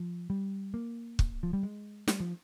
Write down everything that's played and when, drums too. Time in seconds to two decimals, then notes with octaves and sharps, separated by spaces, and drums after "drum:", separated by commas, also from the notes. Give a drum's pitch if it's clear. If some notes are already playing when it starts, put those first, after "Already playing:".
Already playing: F3
0.30 G3
0.74 A#3
1.19 drum: kick
1.43 F3
1.53 G3
1.63 G#3
2.08 G3, drum: snare
2.20 F3